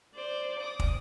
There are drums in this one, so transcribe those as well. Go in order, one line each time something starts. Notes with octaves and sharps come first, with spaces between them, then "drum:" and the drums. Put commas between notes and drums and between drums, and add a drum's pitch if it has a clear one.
C5 D5
D6 D#6
drum: kick